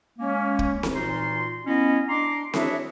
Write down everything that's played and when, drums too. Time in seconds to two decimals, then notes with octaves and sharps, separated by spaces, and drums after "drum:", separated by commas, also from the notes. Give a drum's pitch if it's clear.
0.19 G#3 A#3 C#4
0.59 drum: kick
0.83 drum: snare C4
0.95 A#2 E3 D#4 F4 F#4 C6
1.66 B3 C#4 E4 D#5
2.09 D4 A#5 C6 D6
2.54 D4 E4 F#4 G#4 C#5 E5, drum: snare C4